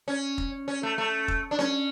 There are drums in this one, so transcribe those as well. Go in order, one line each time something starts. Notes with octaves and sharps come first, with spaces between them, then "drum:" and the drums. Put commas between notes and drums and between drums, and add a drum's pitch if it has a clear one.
C#4
drum: kick F1
C#4
A3
A3
drum: kick F1
D4
C#4, drum: snare D4